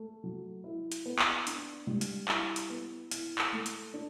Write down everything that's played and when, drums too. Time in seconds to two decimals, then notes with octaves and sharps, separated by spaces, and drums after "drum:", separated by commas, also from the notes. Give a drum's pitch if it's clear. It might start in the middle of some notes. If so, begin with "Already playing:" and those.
Already playing: A3
0.24 F#3
0.64 E4
0.92 drum: hi-hat
1.05 B3
1.19 drum: clap
1.47 D4, drum: hi-hat
1.87 G3
2.01 drum: hi-hat
2.28 E4, drum: clap
2.56 drum: hi-hat
2.70 B3
3.11 E4, drum: hi-hat
3.38 drum: clap
3.53 A3
3.66 drum: hi-hat
3.94 D4